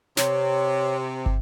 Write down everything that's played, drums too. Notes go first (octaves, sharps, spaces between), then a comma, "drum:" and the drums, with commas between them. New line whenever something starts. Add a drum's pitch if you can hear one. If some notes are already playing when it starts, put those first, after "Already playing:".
C3 C#5, drum: snare
drum: kick